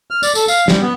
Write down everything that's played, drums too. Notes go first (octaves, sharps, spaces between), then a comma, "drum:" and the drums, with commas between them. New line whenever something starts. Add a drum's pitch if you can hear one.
F6
D5, drum: tambourine
A4, drum: tambourine
F5, drum: tambourine
G3, drum: snare
B3